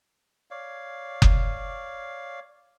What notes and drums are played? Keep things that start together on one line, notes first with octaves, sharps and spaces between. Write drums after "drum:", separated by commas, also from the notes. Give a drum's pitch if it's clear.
C#5 D5 F5
drum: kick F#1